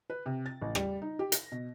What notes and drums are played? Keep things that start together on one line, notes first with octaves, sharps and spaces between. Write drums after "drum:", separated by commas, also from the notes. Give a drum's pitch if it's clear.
B4
C3
A6
A1
G3, drum: rim click
D#4
G4
A#6, drum: hi-hat
B2